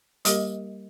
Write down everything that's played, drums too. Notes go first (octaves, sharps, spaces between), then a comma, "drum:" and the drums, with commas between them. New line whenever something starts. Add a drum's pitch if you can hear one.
G3 A#3 G4 A#4 D#5, drum: hi-hat